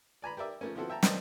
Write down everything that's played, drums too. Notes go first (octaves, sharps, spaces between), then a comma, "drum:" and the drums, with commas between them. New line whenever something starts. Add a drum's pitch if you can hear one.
D5 G#5 A#5 B5
G4 A#4 D5 E5
F3 A3 A#3 C#4
F3 B3 C4 E4 F#4 A4
E5 G5 A5 A#5
D4 A#4 C5 D#5 G5 A5, drum: snare